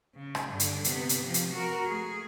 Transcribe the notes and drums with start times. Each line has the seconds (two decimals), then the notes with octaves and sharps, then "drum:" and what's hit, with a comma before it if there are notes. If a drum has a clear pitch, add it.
0.15 C#3
0.35 drum: rim click
0.50 G2 D3
0.60 drum: hi-hat
0.84 C3 B3, drum: hi-hat
1.09 drum: hi-hat
1.22 C3 F3
1.34 drum: hi-hat
1.53 F#4 A#4
1.87 A3 G#4